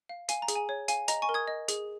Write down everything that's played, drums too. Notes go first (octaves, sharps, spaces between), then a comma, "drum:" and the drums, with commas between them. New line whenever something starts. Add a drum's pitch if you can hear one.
F5
F5 G#5, drum: hi-hat
A#5
G#4, drum: hi-hat
G#5
C#5
F5 G#5, drum: hi-hat
D#5 A#5, drum: hi-hat
G#5 C#6
A#4
D#6 G#6
D#5
G#4, drum: hi-hat